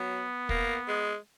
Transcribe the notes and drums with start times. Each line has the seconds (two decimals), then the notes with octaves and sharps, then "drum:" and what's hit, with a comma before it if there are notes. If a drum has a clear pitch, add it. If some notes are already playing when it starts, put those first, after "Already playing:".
Already playing: F#3 B3
0.49 A#3, drum: kick
0.88 G#3